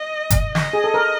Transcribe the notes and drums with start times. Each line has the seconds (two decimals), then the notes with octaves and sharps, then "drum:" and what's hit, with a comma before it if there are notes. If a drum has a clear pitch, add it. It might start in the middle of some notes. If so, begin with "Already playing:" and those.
Already playing: D#5
0.30 drum: kick, hi-hat
0.55 D#5, drum: snare
0.73 G#4
0.84 A4
0.94 A#4